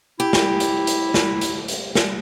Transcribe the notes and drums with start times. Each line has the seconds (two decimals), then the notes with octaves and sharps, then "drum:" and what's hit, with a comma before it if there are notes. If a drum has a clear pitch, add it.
0.20 E4 G4
0.33 drum: snare
0.60 drum: hi-hat
0.87 drum: hi-hat
1.14 drum: snare
1.41 drum: hi-hat
1.68 drum: hi-hat
1.95 drum: snare